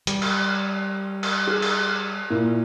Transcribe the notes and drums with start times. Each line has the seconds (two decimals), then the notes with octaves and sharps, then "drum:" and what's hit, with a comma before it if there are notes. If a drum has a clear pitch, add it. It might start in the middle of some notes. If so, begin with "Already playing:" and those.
0.07 G3, drum: hi-hat
0.22 drum: cymbal
1.23 drum: cymbal
1.47 G#4
1.62 drum: cymbal
2.30 A#2 A#3 E4